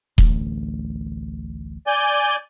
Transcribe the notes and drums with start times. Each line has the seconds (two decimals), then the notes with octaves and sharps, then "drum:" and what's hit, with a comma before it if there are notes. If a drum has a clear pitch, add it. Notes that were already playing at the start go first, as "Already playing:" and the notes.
0.18 A1 D2, drum: kick D#1
1.87 D5 G#5 G6